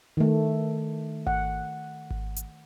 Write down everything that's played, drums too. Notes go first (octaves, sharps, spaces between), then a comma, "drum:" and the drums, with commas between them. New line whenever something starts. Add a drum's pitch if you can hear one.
D#3 A3
F#5, drum: kick G#1
drum: kick G#1
drum: hi-hat